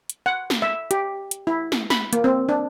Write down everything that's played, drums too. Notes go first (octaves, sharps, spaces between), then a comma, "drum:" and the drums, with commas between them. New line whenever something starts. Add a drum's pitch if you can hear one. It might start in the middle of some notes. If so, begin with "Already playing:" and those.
drum: hi-hat
F#5
drum: snare
E5
G4, drum: hi-hat
drum: hi-hat
E4
drum: snare
B5, drum: snare
A#3, drum: hi-hat
C4
D4